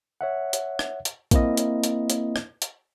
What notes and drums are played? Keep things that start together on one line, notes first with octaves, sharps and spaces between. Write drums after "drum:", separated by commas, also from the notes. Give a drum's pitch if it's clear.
C#5 E5 F#5
drum: hi-hat
drum: rim click
drum: hi-hat
A#3 C4 E4 D#5, drum: kick A#1, hi-hat
drum: hi-hat
drum: hi-hat
drum: hi-hat
drum: rim click
drum: hi-hat